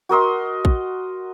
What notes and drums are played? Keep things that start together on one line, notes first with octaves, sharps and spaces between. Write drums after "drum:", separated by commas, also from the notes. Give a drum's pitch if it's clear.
F#4 A#4 D#5 C6
drum: kick